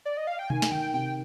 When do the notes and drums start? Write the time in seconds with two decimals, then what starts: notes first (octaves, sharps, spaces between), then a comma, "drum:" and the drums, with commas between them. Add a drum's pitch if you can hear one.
0.05 D5
0.17 D#5
0.27 F5
0.39 G5
0.50 D#3 G#5, drum: tom B2
0.62 drum: snare
0.72 D#3 G5
0.94 C3 G5